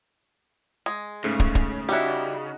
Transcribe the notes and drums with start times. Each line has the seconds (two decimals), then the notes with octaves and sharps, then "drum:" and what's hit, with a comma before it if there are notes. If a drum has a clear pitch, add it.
0.86 G#3
1.24 G#2 C#3 A3
1.40 drum: kick
1.55 drum: kick
1.89 G3 D#4 E4 F#4 G4 F#5